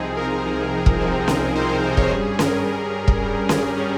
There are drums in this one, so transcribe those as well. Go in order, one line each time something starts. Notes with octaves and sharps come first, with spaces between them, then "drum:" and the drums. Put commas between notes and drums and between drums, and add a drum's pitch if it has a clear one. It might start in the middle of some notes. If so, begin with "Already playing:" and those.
Already playing: C2 C3 F3 C4 D#4 G#4
A#4
C2 C3 F3 C4 D#4
drum: kick
C2 C3 F3 C4 D#4
drum: snare C#4
C2 C3 F3 C4 D#4 C5
A#4
C5
C#5, drum: kick
G2 G3 C#4 G#4
G#4
A#4, drum: snare C#4
G2 G3 C#4
drum: kick
G2 G3 C#4
drum: snare C#4
G3 C#4